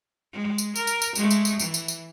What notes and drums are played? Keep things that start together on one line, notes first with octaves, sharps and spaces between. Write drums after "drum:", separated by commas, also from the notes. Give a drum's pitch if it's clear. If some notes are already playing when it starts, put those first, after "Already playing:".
G#3
drum: tambourine
A#4, drum: tambourine
drum: tambourine
drum: tambourine
G#3 A3, drum: tambourine
drum: tambourine
drum: tambourine
E3, drum: tambourine
drum: tambourine
drum: tambourine